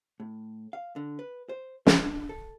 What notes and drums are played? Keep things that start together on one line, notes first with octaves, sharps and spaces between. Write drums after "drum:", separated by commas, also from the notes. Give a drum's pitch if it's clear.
A2
F5
D3
B4
C5
C#5, drum: snare
D4
A4